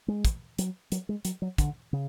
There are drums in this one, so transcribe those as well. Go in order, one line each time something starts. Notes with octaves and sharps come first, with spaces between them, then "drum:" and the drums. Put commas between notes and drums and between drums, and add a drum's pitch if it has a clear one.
G#3
drum: kick, hi-hat
F#3, drum: hi-hat
F#3, drum: hi-hat
G#3
F#3, drum: hi-hat
F#3
D3, drum: kick, hi-hat
C#3